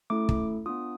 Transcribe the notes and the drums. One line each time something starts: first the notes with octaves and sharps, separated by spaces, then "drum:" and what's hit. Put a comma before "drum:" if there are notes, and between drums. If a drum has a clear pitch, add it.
A3 C#4 E4 A4 D6
drum: kick
B3 D4 F4 D#6